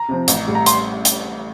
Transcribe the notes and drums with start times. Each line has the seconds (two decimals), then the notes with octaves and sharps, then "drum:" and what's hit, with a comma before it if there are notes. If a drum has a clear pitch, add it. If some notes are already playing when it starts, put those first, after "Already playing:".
Already playing: A#5
0.09 C3 F3 C4
0.28 A1, drum: hi-hat
0.48 A2 G3
0.55 A#5
0.66 C6, drum: hi-hat
1.05 drum: hi-hat